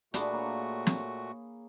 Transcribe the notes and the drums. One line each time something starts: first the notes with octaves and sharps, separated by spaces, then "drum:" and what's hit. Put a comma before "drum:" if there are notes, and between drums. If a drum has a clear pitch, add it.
A#2 A3 D4 F#4 G#4 B5, drum: hi-hat
A#3 C#5
drum: snare